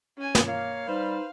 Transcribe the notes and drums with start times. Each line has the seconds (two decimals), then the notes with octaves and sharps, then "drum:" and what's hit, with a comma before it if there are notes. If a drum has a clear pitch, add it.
0.18 C#4 G#5
0.35 drum: snare
0.46 A#3 C#5 F5
0.88 G3 D#4 B4 C5